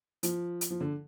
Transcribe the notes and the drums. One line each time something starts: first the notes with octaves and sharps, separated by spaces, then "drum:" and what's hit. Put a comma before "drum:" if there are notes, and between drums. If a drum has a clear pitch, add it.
F3, drum: hi-hat
drum: hi-hat
F3
D3